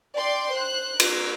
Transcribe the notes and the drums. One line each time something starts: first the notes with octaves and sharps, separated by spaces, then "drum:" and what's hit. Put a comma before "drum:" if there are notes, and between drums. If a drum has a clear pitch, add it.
D5 G5 C6 D6
C5 F#6
A#4, drum: cymbal